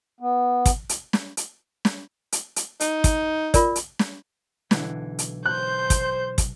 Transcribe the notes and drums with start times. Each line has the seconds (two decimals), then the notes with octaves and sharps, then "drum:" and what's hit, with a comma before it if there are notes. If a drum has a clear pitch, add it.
0.20 B3
0.66 drum: kick, hi-hat
0.89 drum: hi-hat
1.13 drum: snare
1.37 drum: hi-hat
1.85 drum: snare
2.32 drum: hi-hat
2.56 drum: hi-hat
2.80 D#4, drum: hi-hat
3.04 drum: kick, hi-hat
3.54 F4 A#4 D5, drum: kick, hi-hat
3.76 drum: hi-hat
3.99 drum: snare
4.71 B1 D3 E3, drum: snare
5.19 drum: hi-hat
5.46 C5 F#6 G6
5.90 drum: kick, hi-hat
6.38 drum: kick, hi-hat